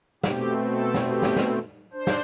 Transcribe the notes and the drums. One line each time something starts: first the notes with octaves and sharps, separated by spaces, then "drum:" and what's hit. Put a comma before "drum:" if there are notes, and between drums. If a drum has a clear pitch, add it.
B2 A3 C4 G4, drum: snare
A4
drum: snare
G4
drum: snare
drum: snare
D4 C5
drum: snare